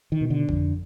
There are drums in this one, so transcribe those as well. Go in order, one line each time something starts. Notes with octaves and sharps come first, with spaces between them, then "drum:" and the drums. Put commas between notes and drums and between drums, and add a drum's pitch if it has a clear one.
D#3
B2
D3
F2, drum: kick G1